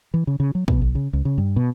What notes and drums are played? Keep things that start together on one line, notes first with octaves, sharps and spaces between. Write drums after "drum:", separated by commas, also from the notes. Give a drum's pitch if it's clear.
E3
C#3
C#3
F#3
B2, drum: kick
B1
C#3
C#2
C#3
G2
B2